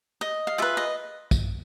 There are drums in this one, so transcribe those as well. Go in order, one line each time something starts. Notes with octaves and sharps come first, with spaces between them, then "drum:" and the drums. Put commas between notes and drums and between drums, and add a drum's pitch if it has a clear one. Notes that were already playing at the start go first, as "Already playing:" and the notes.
D#5
F5
F4 G#4 B4 E5
D#5
drum: kick, tambourine